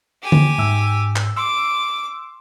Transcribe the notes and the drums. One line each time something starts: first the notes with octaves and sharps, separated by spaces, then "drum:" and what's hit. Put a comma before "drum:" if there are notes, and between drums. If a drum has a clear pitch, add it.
G4 G#5
drum: tom D3
G#2 E6
drum: clap
C6 D6 E6